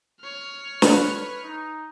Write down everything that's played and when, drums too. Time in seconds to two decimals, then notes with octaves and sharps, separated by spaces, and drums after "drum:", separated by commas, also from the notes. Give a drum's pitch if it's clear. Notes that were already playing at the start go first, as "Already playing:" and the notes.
0.21 C#5 F6
0.82 B4, drum: snare
1.42 D#4